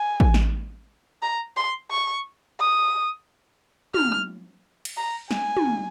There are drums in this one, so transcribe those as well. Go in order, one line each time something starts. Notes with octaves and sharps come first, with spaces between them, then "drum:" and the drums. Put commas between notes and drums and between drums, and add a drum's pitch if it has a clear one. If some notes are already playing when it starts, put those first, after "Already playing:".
Already playing: G#5
drum: kick
drum: snare
A#5
C6
C#6
D#6
F6, drum: tom
drum: cymbal
A#5
G#5, drum: snare
drum: tom